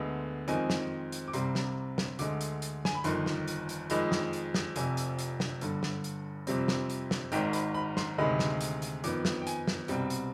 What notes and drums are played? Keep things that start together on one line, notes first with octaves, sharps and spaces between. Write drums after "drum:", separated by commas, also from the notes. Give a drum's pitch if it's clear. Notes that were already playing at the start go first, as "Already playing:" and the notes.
Already playing: D2 D3 G#3 B3
F2 D#3 G#3 C4 G#5, drum: hi-hat
drum: snare
drum: hi-hat
D6
C2 C3 G3 C4 C6, drum: hi-hat
drum: snare
drum: snare
D2 D3 G#3 D6, drum: hi-hat
drum: hi-hat
drum: hi-hat
G#5, drum: snare
B5
G1 F2 D#3 C6, drum: hi-hat
drum: snare
drum: hi-hat
drum: hi-hat
F2 D#3 G#3 B5, drum: hi-hat
drum: snare
drum: hi-hat
drum: snare
F1 F2 C3 G#5, drum: hi-hat
drum: hi-hat
drum: hi-hat
drum: snare
G1 G2 D3, drum: hi-hat
drum: snare
drum: hi-hat
F2 C3 G3 C4, drum: hi-hat
drum: snare
drum: hi-hat
drum: snare
G#1 G#2 D#3 G5, drum: hi-hat
B5, drum: hi-hat
B5
C6, drum: snare
D2 C3 D#3 G#3 B5
drum: snare
drum: hi-hat
drum: hi-hat
F2 D#3 B3 D6, drum: hi-hat
drum: snare
G5
G#5, drum: hi-hat
drum: snare
C2 B2 G3 C4 G5, drum: hi-hat
drum: hi-hat